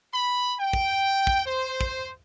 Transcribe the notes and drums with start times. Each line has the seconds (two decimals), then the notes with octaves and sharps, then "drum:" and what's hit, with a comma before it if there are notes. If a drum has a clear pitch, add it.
0.14 B5
0.60 G5
0.73 drum: kick
1.27 drum: kick
1.46 C5
1.81 drum: kick